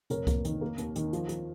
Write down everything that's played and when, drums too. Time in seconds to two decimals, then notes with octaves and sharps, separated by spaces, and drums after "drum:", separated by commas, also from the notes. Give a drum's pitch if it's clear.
0.10 F1 A#4 C#5, drum: hi-hat
0.27 A#3, drum: kick C2, hi-hat
0.45 D#3, drum: hi-hat
0.61 A#3
0.78 D#2, drum: hi-hat
0.96 D#3, drum: hi-hat
1.13 F3, drum: hi-hat
1.29 F3, drum: hi-hat